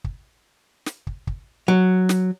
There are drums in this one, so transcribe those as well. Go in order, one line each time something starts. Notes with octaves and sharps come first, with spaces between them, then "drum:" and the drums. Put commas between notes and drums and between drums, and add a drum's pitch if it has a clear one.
drum: kick
drum: snare
drum: kick
drum: kick
F#3
drum: snare